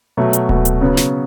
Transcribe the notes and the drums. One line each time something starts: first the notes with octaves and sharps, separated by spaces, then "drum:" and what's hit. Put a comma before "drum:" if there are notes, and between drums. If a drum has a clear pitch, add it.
B2 F#3 A3
drum: hi-hat
B2 F#3 A3, drum: kick D1
drum: hi-hat
C#3 F#3 B3
drum: snare